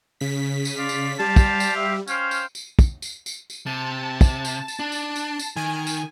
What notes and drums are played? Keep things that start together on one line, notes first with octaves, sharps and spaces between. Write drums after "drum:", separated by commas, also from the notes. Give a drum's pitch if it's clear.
C#3 B6
drum: tambourine
F4 D5 F5
drum: tambourine
G3 G4 C5 F5 A5
drum: kick, tambourine
drum: tambourine
E5
C#4 C5 F5 G5, drum: tambourine
drum: tambourine
drum: tambourine
drum: kick, tambourine
drum: tambourine
drum: tambourine
drum: tambourine
C3 A5
drum: kick, tambourine
drum: tambourine
drum: tambourine
D4
drum: tambourine
drum: tambourine
drum: tambourine
D#3 G#5
drum: tambourine